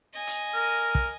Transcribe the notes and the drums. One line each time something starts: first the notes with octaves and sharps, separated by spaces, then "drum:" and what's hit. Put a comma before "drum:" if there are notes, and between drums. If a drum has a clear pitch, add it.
D#5 G#5
drum: hi-hat
A#4
drum: kick